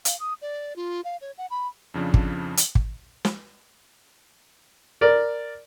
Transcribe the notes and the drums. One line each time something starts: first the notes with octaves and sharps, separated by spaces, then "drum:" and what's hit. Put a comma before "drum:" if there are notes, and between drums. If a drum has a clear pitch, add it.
F5, drum: hi-hat
D#6
D5
F4
F5
C#5
F#5
B5
F2 C#3 F3 D4
drum: kick
drum: hi-hat
drum: kick
drum: snare
A#4 D5